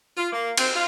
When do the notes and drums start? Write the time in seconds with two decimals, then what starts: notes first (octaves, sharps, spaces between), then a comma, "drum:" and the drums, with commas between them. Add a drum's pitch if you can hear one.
0.17 F4
0.31 A#3
0.57 C4, drum: cymbal
0.74 F4